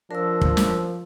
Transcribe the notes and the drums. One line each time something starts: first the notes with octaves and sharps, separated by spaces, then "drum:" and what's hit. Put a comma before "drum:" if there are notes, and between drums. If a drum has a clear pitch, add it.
F3 D4 A#4 E6
drum: kick
drum: snare